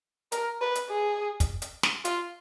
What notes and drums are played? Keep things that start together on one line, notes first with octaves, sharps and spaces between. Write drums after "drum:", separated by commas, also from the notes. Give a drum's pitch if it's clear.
A#4, drum: hi-hat
B4
drum: hi-hat
G#4
drum: kick, hi-hat
drum: hi-hat
drum: snare
F4, drum: hi-hat